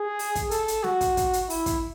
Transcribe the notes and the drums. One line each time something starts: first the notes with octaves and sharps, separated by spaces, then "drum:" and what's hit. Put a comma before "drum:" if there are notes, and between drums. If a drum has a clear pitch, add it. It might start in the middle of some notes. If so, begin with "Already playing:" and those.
Already playing: G#4
drum: open hi-hat
drum: kick, hi-hat
A4, drum: hi-hat
drum: hi-hat
F#4, drum: snare
drum: kick, hi-hat
drum: kick, hi-hat
drum: hi-hat
E4, drum: open hi-hat
drum: kick, hi-hat